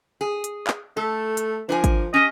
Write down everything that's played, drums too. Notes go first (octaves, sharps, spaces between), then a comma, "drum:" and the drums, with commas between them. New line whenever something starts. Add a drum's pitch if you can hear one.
G#4
drum: hi-hat
drum: clap
A3 A4
drum: hi-hat
F3 D4 A#4 G#5
drum: kick, hi-hat
C#4 G4 D#5